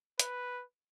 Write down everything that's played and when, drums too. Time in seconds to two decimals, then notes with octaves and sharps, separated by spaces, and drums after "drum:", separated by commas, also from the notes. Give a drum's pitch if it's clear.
0.19 B4, drum: hi-hat